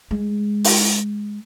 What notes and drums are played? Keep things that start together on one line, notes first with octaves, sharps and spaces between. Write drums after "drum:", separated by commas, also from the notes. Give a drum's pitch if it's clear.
G#3
drum: open hi-hat